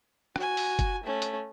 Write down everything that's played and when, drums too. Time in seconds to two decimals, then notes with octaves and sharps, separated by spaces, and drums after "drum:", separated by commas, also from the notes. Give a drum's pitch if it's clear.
0.36 F#4 G#5, drum: rim click
0.57 drum: open hi-hat
0.79 drum: kick F#1, hi-hat
1.04 A3 C#4
1.22 drum: hi-hat